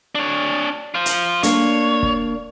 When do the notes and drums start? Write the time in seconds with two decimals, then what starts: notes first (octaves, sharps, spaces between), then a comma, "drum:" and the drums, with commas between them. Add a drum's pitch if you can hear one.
0.15 D4 C#5
0.95 F4 C5
1.06 drum: hi-hat
1.43 A#3 D4 C#5, drum: hi-hat
2.03 drum: kick